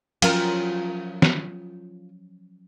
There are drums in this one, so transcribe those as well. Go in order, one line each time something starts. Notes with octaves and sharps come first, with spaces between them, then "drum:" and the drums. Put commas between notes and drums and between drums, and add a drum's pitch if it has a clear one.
F3 F#3 C#4 F4 A#4, drum: cymbal
drum: snare